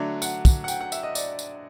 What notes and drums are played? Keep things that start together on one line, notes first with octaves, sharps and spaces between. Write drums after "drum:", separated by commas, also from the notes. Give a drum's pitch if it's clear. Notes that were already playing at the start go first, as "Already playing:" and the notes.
Already playing: D3 F#3 A3 D4
F#5, drum: tambourine
drum: kick, tambourine
F#5
G5, drum: tambourine
F#5
E5, drum: tambourine
D#5
D5, drum: tambourine
drum: tambourine